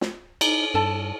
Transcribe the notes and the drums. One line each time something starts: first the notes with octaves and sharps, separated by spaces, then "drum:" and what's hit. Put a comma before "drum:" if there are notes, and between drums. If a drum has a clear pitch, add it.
drum: snare
D#4, drum: cymbal
G2 A4 A5